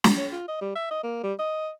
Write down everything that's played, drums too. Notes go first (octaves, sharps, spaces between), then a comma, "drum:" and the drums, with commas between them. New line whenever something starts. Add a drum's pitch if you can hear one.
drum: snare
C#5
F4
D#5
G3
E5
D#5
A#3
G3
D#5